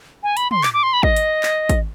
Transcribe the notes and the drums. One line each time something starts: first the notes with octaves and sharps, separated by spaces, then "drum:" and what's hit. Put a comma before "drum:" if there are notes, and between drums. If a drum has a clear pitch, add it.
G#5
B5, drum: hi-hat
C6, drum: tom
D6, drum: clap
D6
C6
B5
D#5, drum: kick
drum: hi-hat
drum: clap
drum: kick, hi-hat